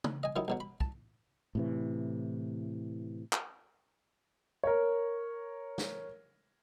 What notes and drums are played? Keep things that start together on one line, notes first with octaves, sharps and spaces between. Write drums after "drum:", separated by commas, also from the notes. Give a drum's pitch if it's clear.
drum: tom
D#5 G#5
D#3 F#3 D#4 E4
B1 B2 F#3
B5
A5, drum: kick
A2 C3 E3
drum: clap
A#4 C#5
drum: snare